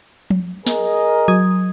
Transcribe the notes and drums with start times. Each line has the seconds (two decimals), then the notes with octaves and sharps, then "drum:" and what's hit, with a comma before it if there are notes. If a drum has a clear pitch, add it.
0.30 drum: tom F3
0.67 G#4 A#4 D#5, drum: snare
1.28 F#3 D#6 G#6, drum: open hi-hat